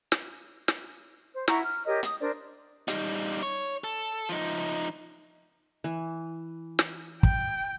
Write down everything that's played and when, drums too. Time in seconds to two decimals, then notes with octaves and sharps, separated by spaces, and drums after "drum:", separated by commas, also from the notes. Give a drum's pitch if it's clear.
0.12 drum: snare
0.68 drum: snare
1.34 C5
1.48 E4 F#5 A#5 C#6, drum: snare
1.63 F6
1.85 G4 A#4 C#5 D#5
2.03 D#6, drum: hi-hat
2.19 D4 A#4 C5 D5
2.88 G3 D#4, drum: hi-hat
3.43 C#5
3.84 A4
4.29 F3 D#4
5.84 E3
6.79 drum: snare
7.23 G5, drum: kick